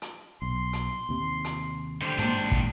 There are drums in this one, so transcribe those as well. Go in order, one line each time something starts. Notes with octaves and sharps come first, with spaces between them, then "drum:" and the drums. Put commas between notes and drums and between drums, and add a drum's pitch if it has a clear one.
drum: hi-hat
B1 C6
drum: hi-hat
D#2 C3
drum: hi-hat
D3 G3 C5
G#2 C3 A#3 D4, drum: hi-hat
drum: kick